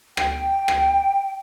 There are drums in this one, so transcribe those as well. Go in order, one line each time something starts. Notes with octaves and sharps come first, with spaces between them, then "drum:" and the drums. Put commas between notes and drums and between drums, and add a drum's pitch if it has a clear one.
G5, drum: rim click
drum: rim click